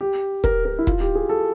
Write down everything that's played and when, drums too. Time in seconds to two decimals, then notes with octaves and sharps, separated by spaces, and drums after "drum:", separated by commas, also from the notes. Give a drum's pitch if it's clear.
0.01 G4
0.44 A#4, drum: kick
0.65 A#4
0.79 E4
0.87 F4, drum: kick
1.01 G4
1.15 G#4
1.29 A4